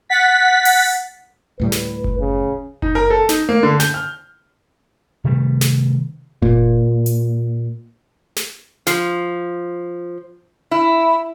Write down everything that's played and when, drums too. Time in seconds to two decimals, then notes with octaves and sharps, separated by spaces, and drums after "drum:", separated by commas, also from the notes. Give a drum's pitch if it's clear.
0.09 F#5 A6 B6
0.65 drum: open hi-hat
1.59 D2 A2 G3 B4
1.72 drum: snare
2.04 drum: kick F#1
2.19 C#3
2.82 D#4, drum: kick F#1
2.95 A#4
3.10 A4
3.29 D#4, drum: snare
3.49 A#3, drum: tom A3
3.63 D3
3.80 G6, drum: snare
3.94 F6
5.24 C3 D#3 G3 A3
5.61 drum: snare
6.42 A#2, drum: kick F#1
7.06 drum: hi-hat
8.36 drum: snare
8.87 F3, drum: snare
10.71 E4